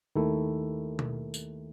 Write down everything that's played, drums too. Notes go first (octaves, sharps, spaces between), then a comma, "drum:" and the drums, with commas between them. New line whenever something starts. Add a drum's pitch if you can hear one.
D#2 D#3 A3 E4
drum: tom B2
drum: tambourine